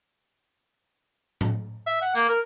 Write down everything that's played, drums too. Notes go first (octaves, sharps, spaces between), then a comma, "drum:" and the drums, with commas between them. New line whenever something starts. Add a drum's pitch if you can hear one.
drum: tom A2
E5
F#5
A#3, drum: tambourine
A#4